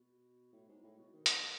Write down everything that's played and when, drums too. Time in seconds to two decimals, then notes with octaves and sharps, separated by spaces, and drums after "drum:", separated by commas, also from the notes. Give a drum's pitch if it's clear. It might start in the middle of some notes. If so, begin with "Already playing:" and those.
Already playing: B2
0.53 A2
0.68 G#2
0.83 A2
0.98 B2
1.13 D#3
1.26 drum: hi-hat
1.43 E3